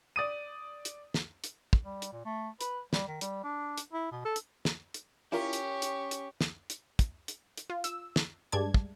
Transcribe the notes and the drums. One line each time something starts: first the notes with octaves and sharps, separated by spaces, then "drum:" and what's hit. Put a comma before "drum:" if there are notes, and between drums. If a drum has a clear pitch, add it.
D5 D#6 D#7
drum: hi-hat
drum: snare
drum: hi-hat
drum: kick
G3
drum: hi-hat
A#2
A3
B4, drum: hi-hat
G3, drum: snare
D#3
G3, drum: hi-hat
D4
drum: hi-hat
E4
B2
A4
drum: hi-hat
drum: snare
drum: hi-hat
C#4 E4 F4 G4 A#4 C#6
drum: hi-hat
drum: hi-hat
drum: hi-hat
drum: snare
drum: hi-hat
drum: kick, hi-hat
drum: hi-hat
drum: hi-hat
F4
E6, drum: hi-hat
drum: snare
G2 G#3 D5 A5 G#6
drum: kick